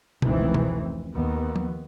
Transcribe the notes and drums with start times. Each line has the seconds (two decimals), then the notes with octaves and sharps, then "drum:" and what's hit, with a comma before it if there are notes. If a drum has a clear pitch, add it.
0.22 F1 C#2 D#3 E3 F#3 C4, drum: tom B2
0.54 drum: tom B2
1.14 D#2 B3
1.56 drum: tom F3